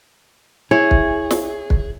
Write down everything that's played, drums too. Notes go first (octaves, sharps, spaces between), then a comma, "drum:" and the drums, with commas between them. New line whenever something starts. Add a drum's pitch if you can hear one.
E4 G#4 C#5
drum: kick
drum: snare
drum: kick